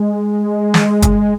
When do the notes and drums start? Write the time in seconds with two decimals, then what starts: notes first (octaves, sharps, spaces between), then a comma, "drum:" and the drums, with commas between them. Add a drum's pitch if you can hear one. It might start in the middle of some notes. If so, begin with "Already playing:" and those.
Already playing: G#3
0.74 drum: snare
1.02 drum: kick, hi-hat